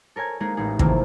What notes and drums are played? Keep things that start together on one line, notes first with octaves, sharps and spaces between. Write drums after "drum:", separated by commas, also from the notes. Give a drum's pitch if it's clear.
A4 A#4 C#5 G#5 G#6
G#3 A#3 D#4 G#4 A#4
A1 D#4 G#4
F2 C3 D#3 E3 A#3 C4, drum: kick